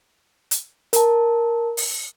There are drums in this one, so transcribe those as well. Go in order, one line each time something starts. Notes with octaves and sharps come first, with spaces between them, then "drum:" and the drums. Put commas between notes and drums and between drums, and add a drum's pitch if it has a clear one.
drum: hi-hat
A#4 A5, drum: hi-hat
drum: open hi-hat